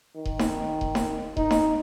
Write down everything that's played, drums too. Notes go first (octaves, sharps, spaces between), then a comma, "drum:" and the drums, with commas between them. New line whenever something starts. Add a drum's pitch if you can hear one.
D#3
drum: kick D#1
drum: snare D#4
drum: kick D#1
drum: snare D#4
D#4, drum: kick D#1
drum: snare D#4